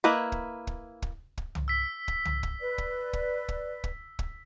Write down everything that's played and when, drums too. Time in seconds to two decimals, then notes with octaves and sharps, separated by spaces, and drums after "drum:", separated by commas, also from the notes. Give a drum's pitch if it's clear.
0.04 A#3 E4 B4 D#5 B5
0.32 drum: kick
0.67 drum: kick
1.02 drum: kick
1.38 drum: kick
1.55 drum: tom C2
1.68 E6 B6
2.08 drum: kick
2.25 drum: tom C2
2.43 drum: kick
2.61 B4 D5
2.78 drum: kick
3.13 drum: kick
3.48 drum: kick
3.84 drum: kick
4.19 drum: kick